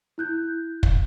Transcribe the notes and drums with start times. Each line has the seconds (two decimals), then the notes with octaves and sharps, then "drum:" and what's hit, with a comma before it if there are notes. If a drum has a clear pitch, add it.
0.18 E4 F#6 G6
0.83 drum: kick